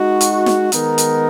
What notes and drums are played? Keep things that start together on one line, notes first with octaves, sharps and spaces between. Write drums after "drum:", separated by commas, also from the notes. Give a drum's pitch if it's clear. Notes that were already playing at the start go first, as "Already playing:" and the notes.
Already playing: G#3 D#4 F#4
drum: hi-hat
drum: snare
D#3 G#3 B3 D#4 A#4, drum: hi-hat
drum: hi-hat